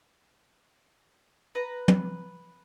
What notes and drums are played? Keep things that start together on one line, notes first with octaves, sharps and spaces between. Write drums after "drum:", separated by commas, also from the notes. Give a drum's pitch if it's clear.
B4 A#5
drum: tom